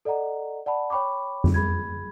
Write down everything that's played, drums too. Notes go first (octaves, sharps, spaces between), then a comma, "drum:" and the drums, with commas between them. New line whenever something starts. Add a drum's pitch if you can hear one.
A4 D5 D#5 F#5 A#5
D5 F#5 A5 B5
C#5 G5 B5 C#6 D6
drum: tom F2
G#4 B5 G#6